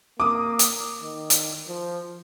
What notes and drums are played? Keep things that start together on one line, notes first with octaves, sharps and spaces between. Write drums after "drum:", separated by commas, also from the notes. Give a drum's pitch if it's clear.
A#3 D6 D#6
drum: hi-hat
D#3
drum: hi-hat
F3